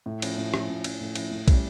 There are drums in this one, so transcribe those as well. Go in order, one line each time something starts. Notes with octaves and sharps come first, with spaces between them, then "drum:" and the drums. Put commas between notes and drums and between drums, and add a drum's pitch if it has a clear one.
A2
F3 C#4 E4, drum: cymbal
A2
F3 C#4 E4, drum: rim click
A2
F3 C#4 E4, drum: cymbal
A2
F3 C#4 E4, drum: cymbal
A2
G3 C#4, drum: kick, cymbal